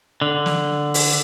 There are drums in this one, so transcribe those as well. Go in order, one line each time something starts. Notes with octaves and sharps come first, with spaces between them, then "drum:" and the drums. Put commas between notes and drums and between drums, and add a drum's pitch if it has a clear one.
D3
drum: snare
drum: open hi-hat